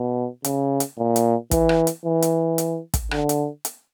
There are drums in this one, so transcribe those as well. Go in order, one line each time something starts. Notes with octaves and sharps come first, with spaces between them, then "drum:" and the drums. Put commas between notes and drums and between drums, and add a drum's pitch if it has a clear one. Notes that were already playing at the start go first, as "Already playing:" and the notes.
Already playing: B2
C#3, drum: hi-hat
drum: hi-hat
A#2
drum: hi-hat
E3, drum: kick, hi-hat
drum: rim click
drum: hi-hat
E3
drum: hi-hat
drum: hi-hat
drum: kick, hi-hat
D3, drum: rim click
drum: hi-hat
drum: hi-hat